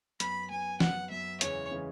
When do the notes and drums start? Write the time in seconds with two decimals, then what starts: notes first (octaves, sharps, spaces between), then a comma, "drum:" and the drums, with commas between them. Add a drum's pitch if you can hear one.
0.20 F#2 F#3 B3 B5, drum: hi-hat
0.50 F#2 F#3 B3 G#5
0.80 F#2 F#3 B3 F#5, drum: snare
1.10 F#2 F#3 B3 E5
1.41 E2 C#3 E3 G#3 C#4 C#5, drum: hi-hat
1.71 C#3 E3 G#3 C#4